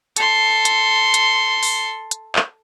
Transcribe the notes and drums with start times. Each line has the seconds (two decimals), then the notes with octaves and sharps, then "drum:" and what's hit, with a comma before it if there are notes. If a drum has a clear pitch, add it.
0.16 A4 C6, drum: hi-hat
0.65 drum: hi-hat
1.14 drum: hi-hat
1.63 drum: open hi-hat
2.11 drum: hi-hat
2.36 drum: clap